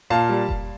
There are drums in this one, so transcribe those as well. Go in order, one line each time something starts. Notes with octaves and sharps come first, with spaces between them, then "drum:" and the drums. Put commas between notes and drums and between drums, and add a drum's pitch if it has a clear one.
A#2 F5 A5
G3
drum: kick F1